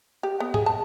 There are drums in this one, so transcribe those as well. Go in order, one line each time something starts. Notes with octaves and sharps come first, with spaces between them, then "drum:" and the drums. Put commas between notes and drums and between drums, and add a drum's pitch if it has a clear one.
G4
B3
G#4, drum: tom G#2
A5